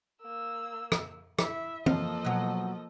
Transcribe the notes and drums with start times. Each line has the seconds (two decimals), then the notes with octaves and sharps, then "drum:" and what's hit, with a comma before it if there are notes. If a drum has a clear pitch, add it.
0.22 A#3 E6
0.92 drum: rim click
1.39 E4 E5, drum: rim click
1.86 F3 A#3 A4 D#5 F5, drum: tom
2.24 B2 F#3